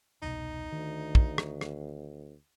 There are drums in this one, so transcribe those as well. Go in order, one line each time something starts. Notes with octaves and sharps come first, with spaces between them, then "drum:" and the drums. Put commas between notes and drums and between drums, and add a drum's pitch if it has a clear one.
E1 C2 B2 D#4
D2 D#3
drum: kick
drum: rim click
drum: rim click